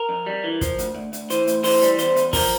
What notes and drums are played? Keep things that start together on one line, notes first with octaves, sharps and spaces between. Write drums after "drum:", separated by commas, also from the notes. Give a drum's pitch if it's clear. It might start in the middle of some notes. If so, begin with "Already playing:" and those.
Already playing: A#4
F2
G3
E3
F3, drum: kick, hi-hat
D2, drum: hi-hat
D2
D2, drum: hi-hat
E3 C5, drum: hi-hat
A2, drum: hi-hat
E3 C5, drum: open hi-hat
G3, drum: hi-hat
E2 C5, drum: hi-hat
E2, drum: hi-hat
F3 A#4, drum: kick, open hi-hat